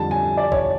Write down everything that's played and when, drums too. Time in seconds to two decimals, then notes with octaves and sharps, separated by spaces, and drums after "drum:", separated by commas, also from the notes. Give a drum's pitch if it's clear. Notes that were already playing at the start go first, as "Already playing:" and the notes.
Already playing: F2 D3 G3 A5
0.11 G#5
0.37 D5
0.52 C#5, drum: kick